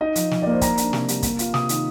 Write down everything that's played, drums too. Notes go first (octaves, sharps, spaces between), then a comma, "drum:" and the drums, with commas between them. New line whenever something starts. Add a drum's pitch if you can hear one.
D#4 D#5
F3, drum: hi-hat
F3, drum: snare
A#3 D5
C5
A#3 A#5, drum: kick, hi-hat
D4, drum: hi-hat
C3, drum: snare
G3, drum: hi-hat
A#3, drum: kick, hi-hat
F4, drum: hi-hat
C3 D#6, drum: snare
D#3, drum: hi-hat